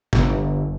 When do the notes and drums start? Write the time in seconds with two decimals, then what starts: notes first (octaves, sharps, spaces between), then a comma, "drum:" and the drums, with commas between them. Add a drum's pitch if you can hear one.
0.13 G1, drum: snare